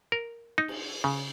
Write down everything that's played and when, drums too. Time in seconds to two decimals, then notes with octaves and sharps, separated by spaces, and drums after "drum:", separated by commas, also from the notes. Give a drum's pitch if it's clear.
0.12 A#4
0.58 D#4
0.68 drum: cymbal
1.04 C#3